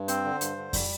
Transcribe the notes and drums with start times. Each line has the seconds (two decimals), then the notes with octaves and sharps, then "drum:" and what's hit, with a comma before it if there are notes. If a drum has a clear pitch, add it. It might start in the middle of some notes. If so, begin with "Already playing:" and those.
Already playing: G2
0.08 C4 C5, drum: hi-hat
0.25 D3
0.41 G2, drum: hi-hat
0.58 D3
0.73 G3, drum: kick F2, open hi-hat